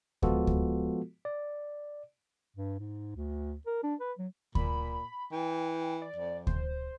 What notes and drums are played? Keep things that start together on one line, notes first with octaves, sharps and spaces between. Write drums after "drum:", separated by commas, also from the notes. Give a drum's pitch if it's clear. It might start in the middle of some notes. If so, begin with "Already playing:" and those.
F3 G#3 B3 F4 F#4 A4, drum: kick D2
drum: kick D2
D5
G2
G#2
D2
A#4
D4
B4
F#3
A#2 B5, drum: kick D2
E3 G5
D5
F2
C5, drum: kick D2